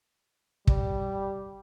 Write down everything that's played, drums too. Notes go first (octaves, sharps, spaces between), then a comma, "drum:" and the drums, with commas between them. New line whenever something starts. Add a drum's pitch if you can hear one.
G3, drum: kick